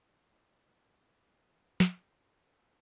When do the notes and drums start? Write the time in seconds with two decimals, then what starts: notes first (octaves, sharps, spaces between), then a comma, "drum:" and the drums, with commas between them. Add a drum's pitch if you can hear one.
0.31 D#3 G3 G#3 D#4 F4 B4
1.00 C4 G#4 B4
1.80 drum: snare
2.44 A4 B4 C5 E5 C#6